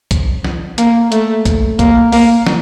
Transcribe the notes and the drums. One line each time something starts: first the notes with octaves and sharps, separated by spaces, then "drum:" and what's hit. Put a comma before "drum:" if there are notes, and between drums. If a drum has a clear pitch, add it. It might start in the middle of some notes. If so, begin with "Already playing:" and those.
drum: kick, hi-hat
drum: snare
A#3, drum: hi-hat
A3, drum: hi-hat
drum: kick, hi-hat
A#3, drum: kick, hi-hat
A#3, drum: open hi-hat
drum: snare